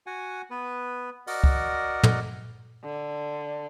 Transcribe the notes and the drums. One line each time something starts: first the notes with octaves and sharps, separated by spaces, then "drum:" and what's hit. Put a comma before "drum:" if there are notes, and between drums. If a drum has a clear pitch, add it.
F#4 F#5 G#5
B3 B4
F#4 A#4 D5 D#5 F#5, drum: open hi-hat
drum: kick C#2
drum: tom
D3